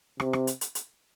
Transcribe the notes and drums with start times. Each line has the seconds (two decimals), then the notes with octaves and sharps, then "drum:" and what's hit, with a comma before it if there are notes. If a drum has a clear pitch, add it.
0.20 C3, drum: rim click
0.33 drum: rim click
0.47 drum: hi-hat
0.61 drum: hi-hat
0.75 drum: hi-hat